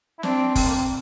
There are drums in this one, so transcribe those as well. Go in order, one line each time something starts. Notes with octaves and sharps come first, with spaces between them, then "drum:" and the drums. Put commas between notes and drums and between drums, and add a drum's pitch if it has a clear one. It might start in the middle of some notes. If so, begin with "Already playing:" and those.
E4
C4 D4, drum: snare
C4, drum: kick F#1, open hi-hat
A#3
C4